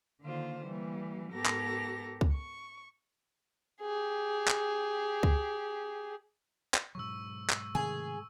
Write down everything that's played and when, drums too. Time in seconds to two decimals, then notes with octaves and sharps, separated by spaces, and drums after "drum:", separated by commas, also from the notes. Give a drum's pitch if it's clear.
0.22 D3 D#3 A#3 F4 C5
0.63 E3 G3 A#3
1.31 G#2 B3 G4 A4 A#4 A#6
1.46 drum: clap
2.21 drum: kick C#2
2.33 C#6
3.81 G4 G#4
4.48 drum: clap
5.23 drum: kick C#2
6.74 drum: clap
6.95 G#2 B2 F#3 C#6 E6
7.50 drum: clap
7.75 C3 D#3 A3 G#4